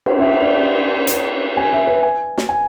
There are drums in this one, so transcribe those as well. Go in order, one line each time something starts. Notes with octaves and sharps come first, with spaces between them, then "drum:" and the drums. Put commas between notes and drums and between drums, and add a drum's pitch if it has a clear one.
drum: cymbal
E5
D5
drum: hi-hat
G#5
E5
B4
G#5
drum: snare
G#5